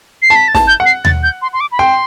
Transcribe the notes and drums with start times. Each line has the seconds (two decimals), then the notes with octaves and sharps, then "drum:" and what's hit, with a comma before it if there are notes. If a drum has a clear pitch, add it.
0.22 C7
0.30 A5
0.36 B6
0.48 A6
0.55 A5, drum: snare
0.68 G6
0.80 F#5
0.86 C7
1.05 A6, drum: tom D#2
1.23 G6
1.42 C6
1.53 C6
1.61 D6
1.72 B5
1.79 G5 C6